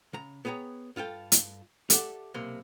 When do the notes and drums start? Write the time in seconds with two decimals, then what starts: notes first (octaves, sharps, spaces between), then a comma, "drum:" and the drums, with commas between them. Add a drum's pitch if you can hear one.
0.13 C#3 A#5
0.45 B3 G#4 C#5 G5 A#5
0.96 G2 F4 A4 G5
1.32 drum: hi-hat
1.90 G4 A4 D5 E5 F#5, drum: hi-hat
2.34 B1 C3 A#3 C6